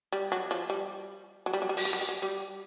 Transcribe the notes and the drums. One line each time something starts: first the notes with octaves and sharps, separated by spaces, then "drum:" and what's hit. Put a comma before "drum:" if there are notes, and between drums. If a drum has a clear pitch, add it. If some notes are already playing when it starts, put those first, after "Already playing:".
G3
F#3
F3
G3
F#3
G3
F#3
G3
F#3, drum: open hi-hat
G3
F#3
G3
F#3
G3